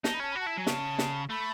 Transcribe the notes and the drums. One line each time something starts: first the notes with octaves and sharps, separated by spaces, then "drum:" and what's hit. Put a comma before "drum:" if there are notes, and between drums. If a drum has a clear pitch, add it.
D#4 A5, drum: snare
B5
C#4 A5
F#4 B5
A5
E4
F#3 G#5
C#3 A5, drum: snare
drum: snare
A3 B5